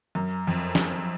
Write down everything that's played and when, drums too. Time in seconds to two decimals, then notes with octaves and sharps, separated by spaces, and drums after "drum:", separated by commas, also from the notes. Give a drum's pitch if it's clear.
0.15 F#2
0.47 F2
0.75 drum: snare